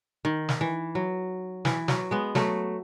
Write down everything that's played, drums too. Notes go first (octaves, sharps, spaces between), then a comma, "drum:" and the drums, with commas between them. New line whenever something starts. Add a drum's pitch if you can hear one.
D#3
drum: snare
E3
F#3
E3, drum: snare
F#3, drum: snare
G#3 B3
F#3 A3, drum: snare